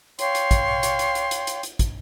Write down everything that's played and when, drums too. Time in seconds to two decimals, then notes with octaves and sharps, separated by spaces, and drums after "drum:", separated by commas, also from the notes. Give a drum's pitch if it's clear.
0.19 C#5 F5 G5 C6, drum: hi-hat
0.35 drum: hi-hat
0.51 drum: kick, hi-hat
0.83 drum: hi-hat
0.99 drum: hi-hat
1.15 drum: hi-hat
1.31 drum: hi-hat
1.47 drum: hi-hat
1.63 drum: hi-hat
1.79 drum: kick, hi-hat